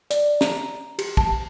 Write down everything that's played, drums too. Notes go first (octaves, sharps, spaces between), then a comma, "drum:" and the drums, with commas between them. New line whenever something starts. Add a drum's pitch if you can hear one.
D5, drum: hi-hat
A#5, drum: snare
G4, drum: cymbal
A5, drum: kick